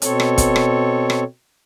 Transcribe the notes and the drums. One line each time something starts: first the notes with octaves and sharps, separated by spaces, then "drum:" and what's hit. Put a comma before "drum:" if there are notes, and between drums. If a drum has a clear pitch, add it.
B2 C4 A4 C#5, drum: hi-hat
drum: rim click
drum: kick, hi-hat
drum: rim click
drum: rim click